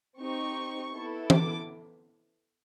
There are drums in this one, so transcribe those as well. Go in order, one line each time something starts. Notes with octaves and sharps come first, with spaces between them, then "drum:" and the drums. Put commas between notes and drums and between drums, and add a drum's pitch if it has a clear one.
C4 D#4 G4 C#6
B3 E4 A4
D6, drum: tom E3